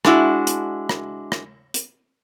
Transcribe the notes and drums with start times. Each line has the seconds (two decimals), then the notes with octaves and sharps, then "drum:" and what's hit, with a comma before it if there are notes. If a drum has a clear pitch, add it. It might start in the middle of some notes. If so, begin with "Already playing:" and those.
0.05 G#3 D4 E4 F#4, drum: rim click
0.47 drum: hi-hat
0.89 drum: rim click
1.32 drum: rim click
1.74 drum: hi-hat